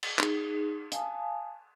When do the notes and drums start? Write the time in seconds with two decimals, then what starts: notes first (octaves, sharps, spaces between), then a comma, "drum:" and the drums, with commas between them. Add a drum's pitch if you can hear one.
0.03 drum: cymbal
0.19 D#4 G#4, drum: clap
0.92 F5 G#5 A5 D#6, drum: hi-hat